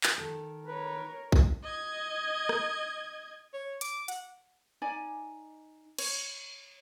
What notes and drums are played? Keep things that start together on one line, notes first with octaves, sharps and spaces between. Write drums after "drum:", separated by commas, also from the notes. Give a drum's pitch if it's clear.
drum: clap
D#3 A4
A#4 B4 C#5
drum: kick
D#5 G#6
drum: rim click
C#5
D6, drum: hi-hat
F#5, drum: hi-hat
D#4 D5 G#5
C#5, drum: cymbal